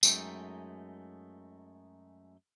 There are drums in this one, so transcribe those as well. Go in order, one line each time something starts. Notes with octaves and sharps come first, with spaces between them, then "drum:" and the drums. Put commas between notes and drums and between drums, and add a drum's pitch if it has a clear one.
F#2 G#3 A3 D#4 G5, drum: tambourine